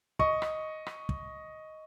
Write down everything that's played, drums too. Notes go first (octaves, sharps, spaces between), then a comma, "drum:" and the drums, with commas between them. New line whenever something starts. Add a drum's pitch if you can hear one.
D#5 C#6, drum: kick
drum: rim click
drum: rim click
drum: kick